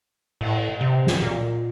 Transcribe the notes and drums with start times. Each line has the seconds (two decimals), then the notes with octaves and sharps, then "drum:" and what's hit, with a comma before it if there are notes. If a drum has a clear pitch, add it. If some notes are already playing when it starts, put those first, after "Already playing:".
0.41 A2, drum: cymbal
0.81 C3
1.07 drum: snare
1.22 A#2